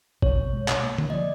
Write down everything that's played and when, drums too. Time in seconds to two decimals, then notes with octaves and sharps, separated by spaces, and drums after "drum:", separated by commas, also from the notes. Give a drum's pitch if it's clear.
0.22 B2 C#5, drum: kick
0.38 B2
0.53 G#3
0.68 B2, drum: clap
0.83 A#3
0.98 A#3, drum: tom D3
1.10 D#5
1.14 F3 D5